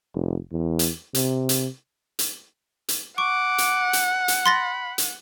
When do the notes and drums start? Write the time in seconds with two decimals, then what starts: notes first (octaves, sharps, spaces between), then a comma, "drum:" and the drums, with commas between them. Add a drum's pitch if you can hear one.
0.15 F1
0.51 E2
0.79 drum: hi-hat
1.14 C3, drum: hi-hat
1.49 drum: hi-hat
2.19 drum: hi-hat
2.89 drum: hi-hat
3.18 F#5 C#6 D6
3.58 drum: hi-hat
3.93 drum: hi-hat
4.28 drum: hi-hat
4.46 B5 C6 A6 A#6
4.98 drum: hi-hat